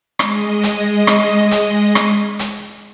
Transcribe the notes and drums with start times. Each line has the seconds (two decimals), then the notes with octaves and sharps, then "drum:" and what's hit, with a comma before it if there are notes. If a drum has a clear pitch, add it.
0.19 G#3 D#5, drum: rim click
0.63 drum: hi-hat
1.07 drum: rim click
1.51 drum: hi-hat
1.95 drum: rim click
2.39 drum: hi-hat